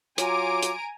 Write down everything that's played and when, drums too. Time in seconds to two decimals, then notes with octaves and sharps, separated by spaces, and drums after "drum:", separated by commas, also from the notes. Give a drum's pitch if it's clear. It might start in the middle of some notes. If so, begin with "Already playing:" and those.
0.18 F#3 F4 G#5 A#5 D6 D7, drum: hi-hat
0.63 drum: hi-hat